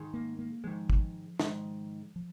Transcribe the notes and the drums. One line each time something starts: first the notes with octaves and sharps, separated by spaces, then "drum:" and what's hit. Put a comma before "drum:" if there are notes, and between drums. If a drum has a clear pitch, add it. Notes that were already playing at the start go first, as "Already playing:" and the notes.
Already playing: G#2 D#3 G#3
A#3
A#3
G#2 D#3 F3 G#3
drum: kick
G#2 D#3 G#3, drum: snare
F3